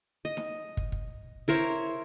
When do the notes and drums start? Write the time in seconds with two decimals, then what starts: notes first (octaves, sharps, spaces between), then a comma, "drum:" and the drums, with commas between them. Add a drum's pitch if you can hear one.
0.25 D#5
0.37 drum: snare D#4
0.77 drum: kick
0.92 drum: kick
1.48 E4 A#4 C5 C#5